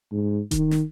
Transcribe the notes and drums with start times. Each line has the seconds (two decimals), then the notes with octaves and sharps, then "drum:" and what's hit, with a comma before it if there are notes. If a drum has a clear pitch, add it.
0.12 G#2
0.51 D#3, drum: kick D#1, hi-hat
0.71 drum: snare